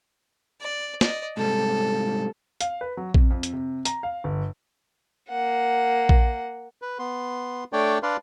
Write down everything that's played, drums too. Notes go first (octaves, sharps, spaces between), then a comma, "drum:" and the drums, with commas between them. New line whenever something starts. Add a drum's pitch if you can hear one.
D5
D5 D#5, drum: snare
G#2 C3 G3 A4
F5, drum: hi-hat
B4
F#3
C3, drum: kick A#1
F2
drum: hi-hat
C3
A#5, drum: hi-hat
F5
G1
A#3 F#5
drum: kick A#1
B4
B3 C6
A3 D4 C#5 D5 G5
D4 B4 D5 F5 C6